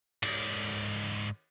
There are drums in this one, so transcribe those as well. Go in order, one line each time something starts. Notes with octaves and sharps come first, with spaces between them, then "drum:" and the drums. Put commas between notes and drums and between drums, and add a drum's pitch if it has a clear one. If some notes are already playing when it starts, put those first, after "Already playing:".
G#2 D5, drum: cymbal